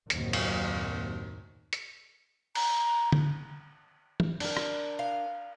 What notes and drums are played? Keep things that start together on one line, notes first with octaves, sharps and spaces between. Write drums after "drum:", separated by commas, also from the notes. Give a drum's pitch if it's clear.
F#1 D#2 A2 D#3 F#3 C4, drum: hi-hat
drum: cymbal
drum: hi-hat
A#5, drum: cymbal
drum: tom D3
drum: tom
D4 A#4, drum: cymbal
drum: rim click
F5